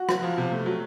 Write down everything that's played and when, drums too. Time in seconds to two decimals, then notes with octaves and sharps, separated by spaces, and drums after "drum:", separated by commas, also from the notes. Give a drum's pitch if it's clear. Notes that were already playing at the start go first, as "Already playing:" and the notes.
Already playing: F#4
0.09 F#3, drum: rim click
0.22 F3
0.38 C3
0.52 A3
0.66 F#3